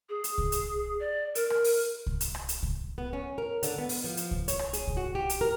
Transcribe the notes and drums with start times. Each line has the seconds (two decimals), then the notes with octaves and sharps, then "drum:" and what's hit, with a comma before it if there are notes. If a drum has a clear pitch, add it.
0.09 G#4
0.24 drum: hi-hat
0.38 drum: kick C2
0.52 drum: hi-hat
1.00 D5
1.35 A#4, drum: hi-hat
1.50 drum: rim click
1.64 drum: open hi-hat
2.06 drum: kick C2
2.21 drum: hi-hat
2.35 drum: rim click
2.49 drum: hi-hat
2.63 drum: kick C2
2.98 B3
3.13 C#4
3.38 A#4
3.63 D3, drum: hi-hat
3.78 B3
3.89 drum: open hi-hat
4.04 F3
4.17 drum: hi-hat
4.31 drum: kick C2
4.48 C#5, drum: hi-hat
4.59 drum: rim click
4.73 G#4, drum: hi-hat
4.87 drum: kick C2
4.97 F#4
5.15 G4
5.30 drum: hi-hat
5.41 A#4